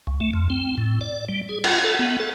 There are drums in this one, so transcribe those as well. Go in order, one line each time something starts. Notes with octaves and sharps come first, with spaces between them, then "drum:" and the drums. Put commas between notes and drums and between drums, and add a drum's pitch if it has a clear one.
C#2
A3
F2
C4
A2
D5
G3
G#4
F4, drum: cymbal
A4
B3
A4